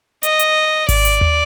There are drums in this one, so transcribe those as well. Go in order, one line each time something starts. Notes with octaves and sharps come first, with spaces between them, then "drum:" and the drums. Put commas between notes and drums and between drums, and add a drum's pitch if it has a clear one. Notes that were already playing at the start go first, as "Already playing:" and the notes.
D#5, drum: hi-hat
drum: hi-hat
D5, drum: kick G#1, open hi-hat
drum: hi-hat
drum: tom D#2